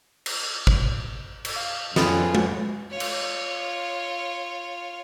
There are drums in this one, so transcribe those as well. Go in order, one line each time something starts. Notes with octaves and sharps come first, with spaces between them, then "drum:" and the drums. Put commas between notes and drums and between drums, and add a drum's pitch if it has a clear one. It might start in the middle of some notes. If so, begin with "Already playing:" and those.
drum: cymbal
drum: kick
drum: cymbal
F5
F2 C#3 B3 F4 A4 G5 G#5, drum: snare
drum: tom G#3
F4 C#5
drum: cymbal